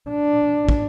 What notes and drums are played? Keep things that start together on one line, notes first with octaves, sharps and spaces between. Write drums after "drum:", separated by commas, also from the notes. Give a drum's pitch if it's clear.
D4
drum: kick